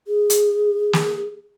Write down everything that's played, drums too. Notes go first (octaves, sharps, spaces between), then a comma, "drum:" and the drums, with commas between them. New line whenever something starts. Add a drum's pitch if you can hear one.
G#4
drum: hi-hat
drum: snare